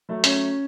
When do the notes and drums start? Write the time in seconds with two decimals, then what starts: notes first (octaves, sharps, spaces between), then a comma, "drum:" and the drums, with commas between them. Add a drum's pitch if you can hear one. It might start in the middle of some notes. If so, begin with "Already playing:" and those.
0.09 F#3 A3
0.24 C#4, drum: hi-hat